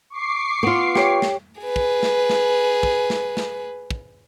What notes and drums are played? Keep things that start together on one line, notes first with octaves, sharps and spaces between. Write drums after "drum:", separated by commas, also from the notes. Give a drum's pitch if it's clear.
C#6 D6 C7
B3 F4
G4 C#5, drum: snare
drum: snare
G#4 B4
drum: kick
drum: snare
drum: snare
drum: kick
drum: snare
drum: snare
drum: kick